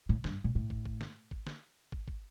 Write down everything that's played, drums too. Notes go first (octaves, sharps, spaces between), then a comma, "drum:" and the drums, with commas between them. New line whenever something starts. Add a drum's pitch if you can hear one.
A2
G2, drum: snare
A#2
A2
drum: kick
drum: kick
drum: snare
drum: kick
drum: snare
drum: kick
drum: kick